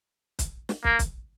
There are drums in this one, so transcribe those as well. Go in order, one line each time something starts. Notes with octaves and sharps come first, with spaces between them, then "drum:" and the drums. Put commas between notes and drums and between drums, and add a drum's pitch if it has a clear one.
drum: kick, hi-hat
drum: snare
A#3, drum: kick
drum: kick, hi-hat